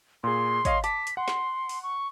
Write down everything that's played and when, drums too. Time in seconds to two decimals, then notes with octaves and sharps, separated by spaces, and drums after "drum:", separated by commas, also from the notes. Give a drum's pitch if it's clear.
0.24 A#2 G#4 C6
0.65 C#5 D#5 F5, drum: kick, hi-hat
0.84 A5 D6 B6, drum: hi-hat
1.07 drum: hi-hat
1.17 F#5 C6
1.28 drum: snare
1.69 drum: open hi-hat
1.83 C#6